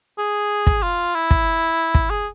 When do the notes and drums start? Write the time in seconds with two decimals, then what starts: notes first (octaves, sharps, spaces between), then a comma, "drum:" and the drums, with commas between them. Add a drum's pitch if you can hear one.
0.18 G#4
0.67 drum: kick
0.83 F4
1.15 E4
1.31 drum: kick
1.95 drum: kick
2.10 G#4